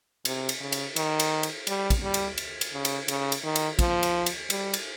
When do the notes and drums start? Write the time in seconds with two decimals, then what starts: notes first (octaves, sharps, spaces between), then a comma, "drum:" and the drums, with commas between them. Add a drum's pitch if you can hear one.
0.25 C3, drum: cymbal
0.49 drum: cymbal
0.60 C#3
0.72 drum: cymbal
0.96 D#3, drum: cymbal
1.20 drum: cymbal
1.43 drum: cymbal
1.67 G3, drum: cymbal
1.90 drum: kick, cymbal
2.02 G3
2.14 drum: cymbal
2.38 drum: cymbal
2.61 drum: cymbal
2.73 C#3
2.85 drum: cymbal
3.08 C#3, drum: cymbal
3.32 drum: cymbal
3.44 D#3
3.56 drum: cymbal
3.79 F3, drum: kick, cymbal
4.03 drum: cymbal
4.26 drum: cymbal
4.50 G3, drum: cymbal
4.74 drum: cymbal